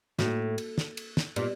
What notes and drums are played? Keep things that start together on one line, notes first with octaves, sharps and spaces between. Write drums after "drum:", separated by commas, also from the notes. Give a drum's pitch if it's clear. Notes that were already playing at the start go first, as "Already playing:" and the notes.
A2 A#3 D#4 F#4, drum: snare
drum: cymbal
drum: snare
drum: cymbal
drum: snare
A#2 B3 D4 G4 B4 D5, drum: cymbal